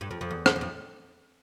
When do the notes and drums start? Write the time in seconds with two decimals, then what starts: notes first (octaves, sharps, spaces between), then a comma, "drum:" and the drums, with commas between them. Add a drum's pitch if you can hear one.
0.01 G2
0.11 F2
0.21 F2
0.31 E2
0.46 drum: rim click
0.56 E2
0.61 F2